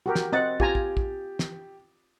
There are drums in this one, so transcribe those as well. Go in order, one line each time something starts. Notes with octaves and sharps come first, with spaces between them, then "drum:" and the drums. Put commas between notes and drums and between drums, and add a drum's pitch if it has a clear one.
F#4 G4 A#4
drum: snare
C4 D#5 F#5 A6
F4 G4 G#5 A#5, drum: kick
drum: kick
drum: kick
drum: snare